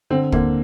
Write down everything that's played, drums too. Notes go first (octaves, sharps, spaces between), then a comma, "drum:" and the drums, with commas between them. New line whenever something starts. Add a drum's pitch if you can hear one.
D3 C4
D3 A#3, drum: kick